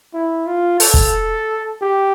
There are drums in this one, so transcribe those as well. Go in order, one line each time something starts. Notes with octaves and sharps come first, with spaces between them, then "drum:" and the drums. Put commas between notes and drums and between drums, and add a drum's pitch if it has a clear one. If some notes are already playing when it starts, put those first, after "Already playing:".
E4
F4
A4, drum: open hi-hat
drum: kick
G4